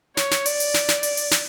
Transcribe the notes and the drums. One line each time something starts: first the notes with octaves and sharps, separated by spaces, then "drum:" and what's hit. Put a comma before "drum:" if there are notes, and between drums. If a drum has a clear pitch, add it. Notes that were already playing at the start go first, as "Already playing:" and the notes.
C#5, drum: snare
drum: snare
D5, drum: open hi-hat
drum: open hi-hat
drum: snare
drum: snare
drum: open hi-hat
drum: open hi-hat
drum: snare